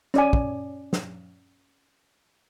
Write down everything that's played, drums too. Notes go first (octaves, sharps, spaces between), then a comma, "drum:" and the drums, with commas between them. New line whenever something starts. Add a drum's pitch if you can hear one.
C#4 D5 G#5, drum: rim click
drum: kick
drum: snare